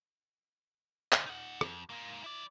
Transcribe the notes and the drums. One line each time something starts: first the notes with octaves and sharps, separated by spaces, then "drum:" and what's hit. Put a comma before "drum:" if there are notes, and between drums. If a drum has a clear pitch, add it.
G2 D3, drum: clap
D#4 F#5
F2, drum: rim click
G#2 A#3
E4 D5